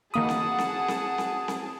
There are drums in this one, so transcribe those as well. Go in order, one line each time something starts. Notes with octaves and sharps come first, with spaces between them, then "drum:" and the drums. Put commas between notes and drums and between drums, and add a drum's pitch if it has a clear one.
D#3 A#3 F#4 G#4 F#5 A5 B5 D#6
drum: snare C4
drum: snare C4
drum: snare C4
drum: snare C4
drum: snare C4